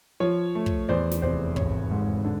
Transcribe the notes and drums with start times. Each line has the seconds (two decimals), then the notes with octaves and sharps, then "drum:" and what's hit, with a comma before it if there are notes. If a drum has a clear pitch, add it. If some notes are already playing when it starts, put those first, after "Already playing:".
0.20 F3 C#5
0.55 A3
0.66 drum: kick
0.89 E2 C5 D5
1.11 drum: snare
1.22 F1 C5 D5
1.56 G#1 C#5, drum: kick
1.91 G#2
2.25 D3